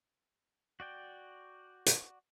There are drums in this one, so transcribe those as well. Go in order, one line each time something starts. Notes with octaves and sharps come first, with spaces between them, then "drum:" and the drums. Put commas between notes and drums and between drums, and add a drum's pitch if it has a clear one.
F#4 D5 G5
drum: hi-hat